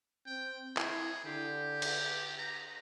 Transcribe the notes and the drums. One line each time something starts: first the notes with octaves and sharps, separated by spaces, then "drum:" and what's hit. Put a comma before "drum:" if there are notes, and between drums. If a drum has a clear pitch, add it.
C4 G5
E4 G#4, drum: clap
D3 G4
drum: cymbal
A#5